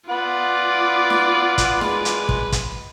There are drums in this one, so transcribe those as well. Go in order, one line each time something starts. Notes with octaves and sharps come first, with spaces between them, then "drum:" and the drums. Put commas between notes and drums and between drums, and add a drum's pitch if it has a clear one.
F4 B4 D5 F#5 B5
drum: snare
drum: kick, hi-hat
G#3 B4, drum: snare
drum: hi-hat
drum: kick
drum: kick, hi-hat